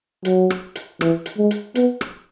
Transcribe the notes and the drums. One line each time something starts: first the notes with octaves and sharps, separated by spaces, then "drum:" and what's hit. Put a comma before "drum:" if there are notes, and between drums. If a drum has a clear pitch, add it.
F#3, drum: hi-hat
drum: rim click
drum: hi-hat
E3, drum: rim click
drum: hi-hat
G#3
drum: hi-hat
B3, drum: hi-hat
drum: rim click